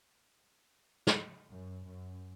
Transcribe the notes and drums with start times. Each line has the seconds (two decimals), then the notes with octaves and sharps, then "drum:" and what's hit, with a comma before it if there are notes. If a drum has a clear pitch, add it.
1.07 drum: snare
1.50 F#2
1.87 F#2